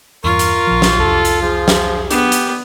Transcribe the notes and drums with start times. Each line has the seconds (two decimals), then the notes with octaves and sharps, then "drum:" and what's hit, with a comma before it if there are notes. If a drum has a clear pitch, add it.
0.24 E2 G2 F4 A#4 C#6
0.39 drum: hi-hat
0.67 A#1 F3
0.82 drum: snare
0.99 C2 F2 A4
1.25 drum: hi-hat
1.42 F3 G#4
1.68 drum: snare
2.11 B3 D4 G4, drum: hi-hat
2.32 drum: hi-hat